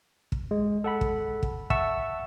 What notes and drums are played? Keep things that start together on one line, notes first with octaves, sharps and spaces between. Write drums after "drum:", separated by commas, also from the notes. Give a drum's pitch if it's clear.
drum: kick
G#3
A4 F#5 B5
drum: kick
drum: kick
E5 F#5 A5 C#6 E6, drum: kick